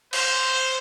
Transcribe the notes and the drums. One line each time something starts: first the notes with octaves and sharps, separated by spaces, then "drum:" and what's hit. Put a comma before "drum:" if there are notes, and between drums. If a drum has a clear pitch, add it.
C5, drum: cymbal